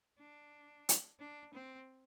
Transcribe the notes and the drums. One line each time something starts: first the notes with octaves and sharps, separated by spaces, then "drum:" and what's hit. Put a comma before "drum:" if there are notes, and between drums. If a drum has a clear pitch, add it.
D4
drum: hi-hat
D4
C4